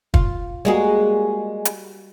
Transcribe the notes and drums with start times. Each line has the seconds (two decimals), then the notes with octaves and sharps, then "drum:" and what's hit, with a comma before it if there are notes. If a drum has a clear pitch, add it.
0.14 F4, drum: kick
0.65 G3 G#3 A#3 F#4 G#4
1.65 drum: hi-hat